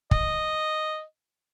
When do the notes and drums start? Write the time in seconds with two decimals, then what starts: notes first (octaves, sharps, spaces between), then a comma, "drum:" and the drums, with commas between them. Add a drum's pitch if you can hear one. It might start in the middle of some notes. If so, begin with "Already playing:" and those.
0.11 D#5, drum: kick